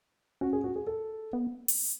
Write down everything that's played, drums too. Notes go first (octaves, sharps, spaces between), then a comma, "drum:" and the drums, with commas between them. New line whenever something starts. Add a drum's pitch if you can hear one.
C#4 F#4
G#4
F#4
G#4
A4
B3
drum: open hi-hat